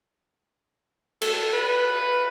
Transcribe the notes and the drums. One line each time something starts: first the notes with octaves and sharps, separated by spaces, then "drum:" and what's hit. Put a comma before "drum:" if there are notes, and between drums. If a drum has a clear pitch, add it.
A4, drum: cymbal
B4